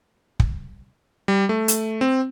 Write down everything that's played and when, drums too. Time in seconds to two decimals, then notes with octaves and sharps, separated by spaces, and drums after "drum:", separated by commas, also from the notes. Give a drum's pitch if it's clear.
0.40 drum: kick
1.28 G3
1.49 A3
1.68 drum: hi-hat
2.01 C4